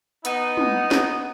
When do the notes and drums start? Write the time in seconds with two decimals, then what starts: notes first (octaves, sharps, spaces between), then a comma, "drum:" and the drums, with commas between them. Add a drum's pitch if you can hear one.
0.25 B3 D#4, drum: hi-hat
0.57 drum: tom
0.91 drum: snare